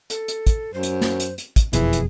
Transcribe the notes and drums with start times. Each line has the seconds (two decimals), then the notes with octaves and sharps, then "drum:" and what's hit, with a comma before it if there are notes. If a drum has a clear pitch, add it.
0.10 A4, drum: hi-hat
0.28 drum: hi-hat
0.47 drum: kick, hi-hat
0.74 F#2 C5
0.83 drum: hi-hat
1.01 drum: snare
1.20 drum: hi-hat
1.38 drum: hi-hat
1.56 drum: kick, hi-hat
1.73 E1 F2 B2 E3 G#4, drum: hi-hat
1.93 drum: hi-hat